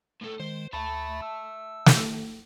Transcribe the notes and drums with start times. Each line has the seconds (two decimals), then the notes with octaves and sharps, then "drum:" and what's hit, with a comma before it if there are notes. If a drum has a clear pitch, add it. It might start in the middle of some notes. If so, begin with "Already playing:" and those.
0.21 A2 A4
0.40 D#3 G#3 C5
0.73 D2 E5 A5 B5 A6
1.22 E6
1.86 drum: snare